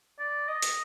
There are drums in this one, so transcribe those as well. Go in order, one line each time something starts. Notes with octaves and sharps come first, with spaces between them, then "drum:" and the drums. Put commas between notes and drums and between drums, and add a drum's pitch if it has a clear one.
D5
D#5
drum: hi-hat